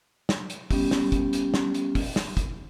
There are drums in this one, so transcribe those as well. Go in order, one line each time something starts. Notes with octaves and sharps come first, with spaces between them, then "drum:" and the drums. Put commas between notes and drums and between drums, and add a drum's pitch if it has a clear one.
drum: snare
drum: hi-hat
G3 B3 C#4 G4, drum: kick, open hi-hat
drum: snare
drum: kick, hi-hat
drum: hi-hat
drum: snare
drum: hi-hat
drum: kick, open hi-hat
drum: snare
drum: kick, hi-hat